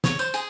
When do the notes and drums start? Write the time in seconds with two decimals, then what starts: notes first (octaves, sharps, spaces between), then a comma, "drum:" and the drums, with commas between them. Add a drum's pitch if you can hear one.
0.04 C#5, drum: snare
0.19 C5, drum: tambourine
0.34 G#4, drum: tambourine